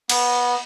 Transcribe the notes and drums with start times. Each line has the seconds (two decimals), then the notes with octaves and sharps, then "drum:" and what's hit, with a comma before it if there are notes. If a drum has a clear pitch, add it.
0.09 B3, drum: cymbal